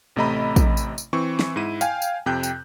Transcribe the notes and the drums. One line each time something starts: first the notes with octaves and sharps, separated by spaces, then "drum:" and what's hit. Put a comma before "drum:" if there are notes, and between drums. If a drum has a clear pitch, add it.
A1 C3 A3 D#5 A#5 B5
drum: kick, tambourine
drum: tambourine
drum: tambourine
E3 C4 C#6
drum: snare
G#2 E4 D#7
F5 G5 G#5, drum: tambourine
drum: tambourine
F2 C3 G5 F#6 G6
drum: tambourine